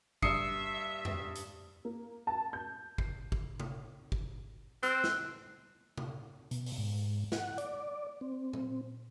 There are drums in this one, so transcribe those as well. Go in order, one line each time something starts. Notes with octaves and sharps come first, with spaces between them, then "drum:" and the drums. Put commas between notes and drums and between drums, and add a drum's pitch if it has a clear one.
G2 E5 D#6 C7 C#7, drum: kick
drum: tom F2
drum: hi-hat
A#3
A5
G6
C7, drum: kick
drum: kick
drum: tom C3
drum: kick
C4 E6 F#6 G7, drum: hi-hat
drum: snare
drum: tom C3
B2, drum: hi-hat
drum: open hi-hat
G#2
F#5, drum: snare
D5, drum: hi-hat
C4
drum: tom A#2